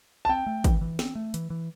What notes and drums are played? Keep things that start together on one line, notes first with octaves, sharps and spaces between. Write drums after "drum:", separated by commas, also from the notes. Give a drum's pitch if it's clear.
A5
C4 G5
A3
E3, drum: kick, hi-hat
E3
C4, drum: snare
A3
E3, drum: hi-hat
E3